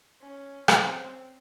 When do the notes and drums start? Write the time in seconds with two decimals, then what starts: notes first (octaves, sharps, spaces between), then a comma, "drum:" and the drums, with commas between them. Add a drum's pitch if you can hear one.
0.22 C#4
0.68 C4, drum: rim click